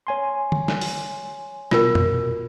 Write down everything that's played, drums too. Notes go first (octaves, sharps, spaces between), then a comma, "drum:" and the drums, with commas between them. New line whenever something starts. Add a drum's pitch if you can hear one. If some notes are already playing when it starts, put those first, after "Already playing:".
C#5 G#5 C6
drum: tom
drum: snare
drum: open hi-hat
B2 F4 A#4, drum: snare
drum: tom F2